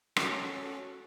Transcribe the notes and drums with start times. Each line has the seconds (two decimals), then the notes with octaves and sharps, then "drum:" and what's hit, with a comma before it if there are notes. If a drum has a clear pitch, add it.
0.16 C#4 F#4 A4, drum: rim click